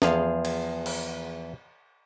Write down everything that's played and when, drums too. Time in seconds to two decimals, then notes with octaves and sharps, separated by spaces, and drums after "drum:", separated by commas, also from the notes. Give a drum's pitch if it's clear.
0.02 E2 F3 G#4 F5, drum: snare
0.45 drum: cymbal
0.86 drum: cymbal